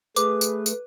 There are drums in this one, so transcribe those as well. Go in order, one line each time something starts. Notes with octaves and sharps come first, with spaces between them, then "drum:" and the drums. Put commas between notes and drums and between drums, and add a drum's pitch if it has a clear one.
A3 G#4 B4 D6, drum: tambourine
drum: tambourine
drum: tambourine